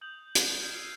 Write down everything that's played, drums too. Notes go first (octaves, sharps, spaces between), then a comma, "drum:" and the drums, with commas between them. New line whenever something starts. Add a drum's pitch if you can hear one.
D#6 G6 F7 F#7
F#6 G6 D7 E7 F7 G7, drum: hi-hat
D#6 F6 G6 G#6 C#7
E6 F6 G#6 C7 C#7 D#7